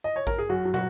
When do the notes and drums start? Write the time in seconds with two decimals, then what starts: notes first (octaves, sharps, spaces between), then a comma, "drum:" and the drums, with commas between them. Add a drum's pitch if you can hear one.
0.04 D#5
0.16 C#5
0.27 A#4, drum: kick A1
0.38 G#4
0.49 F#2 F#4
0.65 F#3
0.74 F#4, drum: tom